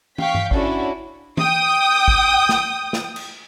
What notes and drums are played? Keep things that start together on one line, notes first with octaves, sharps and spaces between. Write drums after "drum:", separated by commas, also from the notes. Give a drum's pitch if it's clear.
F5 G5 C#6 B6, drum: tom
drum: tom G2
C#4 D4 E4 F#4 A4, drum: kick
G5 D#6, drum: tom
drum: kick
drum: snare
drum: snare
drum: cymbal